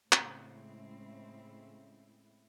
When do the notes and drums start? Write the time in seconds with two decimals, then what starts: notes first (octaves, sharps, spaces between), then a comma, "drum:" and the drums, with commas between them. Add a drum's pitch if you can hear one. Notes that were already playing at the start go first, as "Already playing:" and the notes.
0.12 A2 C#3 G#3 C4 E4, drum: clap